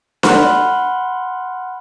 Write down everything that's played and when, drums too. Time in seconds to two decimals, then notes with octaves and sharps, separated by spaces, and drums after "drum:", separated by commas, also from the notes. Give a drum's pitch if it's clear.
0.23 F#5 B5 C6 F6 F#6, drum: snare D4